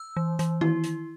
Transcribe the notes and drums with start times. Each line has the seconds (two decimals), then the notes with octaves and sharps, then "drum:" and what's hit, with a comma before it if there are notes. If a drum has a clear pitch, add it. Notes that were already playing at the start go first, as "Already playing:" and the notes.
Already playing: E6
0.17 E3
0.39 E3, drum: hi-hat
0.61 E4, drum: tom D#3
0.84 drum: hi-hat